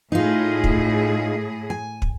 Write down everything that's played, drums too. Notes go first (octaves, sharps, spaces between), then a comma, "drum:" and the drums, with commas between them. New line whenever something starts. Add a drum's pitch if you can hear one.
A2 D#4 F4 G#4
drum: kick
G#5
drum: kick